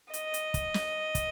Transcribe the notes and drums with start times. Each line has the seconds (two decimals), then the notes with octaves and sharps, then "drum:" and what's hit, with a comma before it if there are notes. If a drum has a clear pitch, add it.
0.14 D#5, drum: hi-hat
0.34 drum: hi-hat
0.54 drum: kick, hi-hat
0.74 drum: snare
1.15 drum: kick, hi-hat